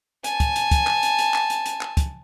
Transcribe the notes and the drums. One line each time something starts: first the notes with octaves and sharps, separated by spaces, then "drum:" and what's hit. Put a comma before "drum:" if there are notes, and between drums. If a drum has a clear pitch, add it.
G#5 A5, drum: hi-hat
drum: kick, hi-hat
drum: hi-hat
drum: kick, hi-hat
drum: clap
drum: hi-hat
drum: hi-hat
drum: clap
drum: hi-hat
drum: hi-hat
drum: clap
drum: kick, hi-hat